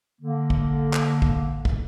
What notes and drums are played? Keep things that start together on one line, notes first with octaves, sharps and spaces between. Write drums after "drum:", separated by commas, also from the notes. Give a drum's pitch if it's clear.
D3 A#3
drum: kick
drum: clap
drum: kick
drum: kick